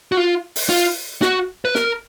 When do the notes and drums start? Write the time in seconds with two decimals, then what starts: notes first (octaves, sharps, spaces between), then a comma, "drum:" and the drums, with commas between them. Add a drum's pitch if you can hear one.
0.12 F#4
0.17 F4
0.56 drum: open hi-hat
0.69 F4
1.22 F#4, drum: snare
1.65 B4
1.75 A#4, drum: snare